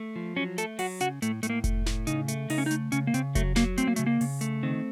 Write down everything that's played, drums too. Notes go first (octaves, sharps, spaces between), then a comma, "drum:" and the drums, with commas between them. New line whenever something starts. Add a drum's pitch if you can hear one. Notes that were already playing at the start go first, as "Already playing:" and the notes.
Already playing: A3
F3
F#3 C#4
A3 A4, drum: hi-hat
F#3 F#4, drum: open hi-hat
C#3 F#4, drum: hi-hat
A2 A3, drum: hi-hat
A2 A3, drum: hi-hat
A#3
A3, drum: kick F1, hi-hat
A2, drum: snare
C#3 D#4, drum: hi-hat
A3, drum: hi-hat
C#3 D#4, drum: open hi-hat
C#4
D#4
A3, drum: hi-hat
C#3 C#4, drum: hi-hat
A#3
C#3 C4, drum: hi-hat
F#3 A3, drum: kick F1, hi-hat
F#3 A#3, drum: snare
A3 C4, drum: hi-hat
A#3
C#3 A3, drum: hi-hat
A#3
C#3, drum: open hi-hat
A3, drum: hi-hat
D#3 C4